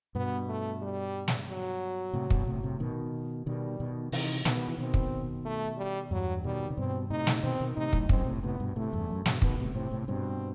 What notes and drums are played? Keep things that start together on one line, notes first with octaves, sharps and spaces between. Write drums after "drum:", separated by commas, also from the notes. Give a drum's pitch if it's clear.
G2 B2 B3
A3
G3
drum: snare
F#3
A2 C3
G2 B2, drum: kick
A2 C3
A2 C3
B2 D#3
B2 D#3 G3
B2 D#3
C3 E3 D#4, drum: open hi-hat
B2 D#3 B3, drum: snare
E3
B2 D#3 C4
drum: kick
A3
G3
E2 G2 F#3
B2 D#3 G3
C3
G2 B2 C4
A2 C3 D#4
drum: snare
B2 D#3 C4
B2 D#3
A2 C3 D#4
F#2 A2, drum: kick
F#2 C4, drum: kick
A2 C3
A2 C3 B3
G2 B2
A2 C3 A3
E2 G2
F#2
G2 B2, drum: snare
B2 D#3 B3, drum: kick
A2 C3
A2 C3 C4
A2 C3
G2 B2 C4